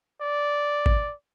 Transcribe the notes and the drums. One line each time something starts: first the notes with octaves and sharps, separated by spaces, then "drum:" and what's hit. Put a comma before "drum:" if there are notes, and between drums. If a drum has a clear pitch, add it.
D5
drum: kick